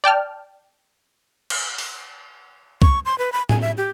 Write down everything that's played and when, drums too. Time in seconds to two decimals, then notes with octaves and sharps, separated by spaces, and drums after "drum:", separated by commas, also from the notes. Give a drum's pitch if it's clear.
0.04 D5 G5 A5 F6
1.50 drum: cymbal
1.78 drum: open hi-hat
2.82 C#6, drum: kick C2
3.05 C6
3.18 B4
3.32 B5
3.49 G#5, drum: tom A2
3.61 E5
3.77 G4